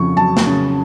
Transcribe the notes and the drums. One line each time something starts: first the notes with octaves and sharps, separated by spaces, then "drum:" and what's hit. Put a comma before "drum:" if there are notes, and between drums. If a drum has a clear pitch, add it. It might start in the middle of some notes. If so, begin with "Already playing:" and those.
Already playing: F2 C#3 C#6
F#3 A5
drum: snare
C#3